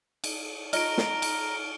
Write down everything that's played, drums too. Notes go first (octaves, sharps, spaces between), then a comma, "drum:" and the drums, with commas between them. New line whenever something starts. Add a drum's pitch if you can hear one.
drum: cymbal
F4 C#5 D#5 A#5 F6 D7, drum: cymbal
drum: snare
drum: cymbal